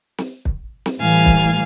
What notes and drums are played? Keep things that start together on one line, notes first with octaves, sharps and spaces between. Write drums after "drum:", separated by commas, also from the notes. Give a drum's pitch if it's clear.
drum: snare
drum: kick
drum: snare
A2 E3 G3 F5 G#5
drum: kick